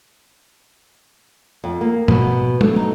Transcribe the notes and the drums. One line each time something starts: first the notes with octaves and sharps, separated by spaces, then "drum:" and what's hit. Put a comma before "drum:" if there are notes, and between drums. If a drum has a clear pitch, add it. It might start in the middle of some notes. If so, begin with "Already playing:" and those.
F2
A#3
B2, drum: tom G#2
A3, drum: tom F#3
D#4